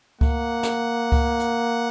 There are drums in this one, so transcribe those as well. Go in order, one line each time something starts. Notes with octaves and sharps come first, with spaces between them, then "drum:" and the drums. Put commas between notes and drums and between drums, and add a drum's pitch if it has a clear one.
A#3 F#5, drum: kick C#2
drum: snare
drum: kick C#2
drum: hi-hat